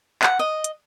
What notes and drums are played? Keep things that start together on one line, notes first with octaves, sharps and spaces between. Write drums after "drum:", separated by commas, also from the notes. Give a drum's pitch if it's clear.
F#5, drum: clap
D#5
drum: hi-hat